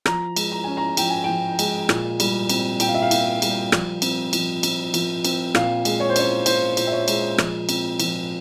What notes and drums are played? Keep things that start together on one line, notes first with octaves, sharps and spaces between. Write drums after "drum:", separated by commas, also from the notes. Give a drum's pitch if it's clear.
F3 A#5, drum: rim click
G#3, drum: cymbal
A#5
C#4 G#5
A#5
F3 G5, drum: cymbal
G#5
F3 G5
G#3, drum: cymbal
A#2, drum: rim click
G3, drum: cymbal
C4, drum: cymbal
A#2 G5, drum: cymbal
F5
E5
F5
A#2, drum: cymbal
G3, drum: cymbal
F3, drum: rim click
C4, drum: cymbal
F3, drum: cymbal
C4, drum: cymbal
F3, drum: cymbal
C4, drum: cymbal
A#2 F5, drum: rim click
G#3, drum: cymbal
C#5
C5
C#4 C#5, drum: cymbal
A#2 C5, drum: cymbal
A#2, drum: cymbal
E5
C#5
G#3, drum: cymbal
F3, drum: rim click
C4, drum: cymbal
F3, drum: cymbal